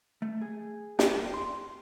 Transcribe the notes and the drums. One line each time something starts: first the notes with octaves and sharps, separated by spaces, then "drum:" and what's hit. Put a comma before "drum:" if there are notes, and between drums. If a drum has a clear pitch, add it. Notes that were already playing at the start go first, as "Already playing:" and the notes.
A3
G#4
G5, drum: snare
C6